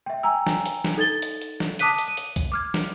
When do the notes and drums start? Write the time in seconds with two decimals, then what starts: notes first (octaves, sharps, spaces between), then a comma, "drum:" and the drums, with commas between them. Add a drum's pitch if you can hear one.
0.06 E5 G5
0.23 G5 G#5 A#5 E6
0.47 drum: snare
0.66 drum: hi-hat
0.84 drum: snare
0.97 D#4 A4 G#6 A6 G7
1.22 drum: hi-hat
1.41 drum: hi-hat
1.60 drum: snare
1.79 A5 D6 D#6 F#6 B6 D#7, drum: hi-hat
1.98 drum: hi-hat
2.08 D#7
2.17 drum: hi-hat
2.36 drum: kick, hi-hat
2.52 D6 F6 G#6
2.74 drum: snare